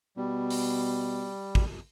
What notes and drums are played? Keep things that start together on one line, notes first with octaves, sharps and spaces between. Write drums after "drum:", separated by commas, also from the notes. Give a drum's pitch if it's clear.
B2 G3
drum: open hi-hat
drum: kick